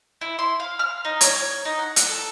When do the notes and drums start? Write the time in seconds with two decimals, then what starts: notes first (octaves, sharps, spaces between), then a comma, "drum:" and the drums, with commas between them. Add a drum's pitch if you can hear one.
0.21 E4
0.39 C6
0.60 F5
0.79 F6
1.05 D#4
1.21 C#5, drum: hi-hat
1.36 C#5
1.65 D#4
1.79 F#5
1.96 F#5, drum: hi-hat
2.09 A4